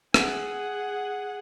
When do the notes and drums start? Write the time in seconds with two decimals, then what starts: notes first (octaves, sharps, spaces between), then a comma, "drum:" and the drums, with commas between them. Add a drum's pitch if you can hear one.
0.14 G#4 F#5, drum: rim click